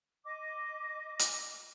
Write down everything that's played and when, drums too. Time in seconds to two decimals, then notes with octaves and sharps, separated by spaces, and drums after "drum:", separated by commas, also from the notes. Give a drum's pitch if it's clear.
0.25 D#5 D6
1.19 drum: hi-hat